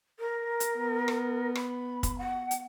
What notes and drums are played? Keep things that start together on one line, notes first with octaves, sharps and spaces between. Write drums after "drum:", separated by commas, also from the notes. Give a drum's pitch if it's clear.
A#4
drum: hi-hat
B3
drum: rim click
B5, drum: rim click
drum: kick, hi-hat
F#5
drum: hi-hat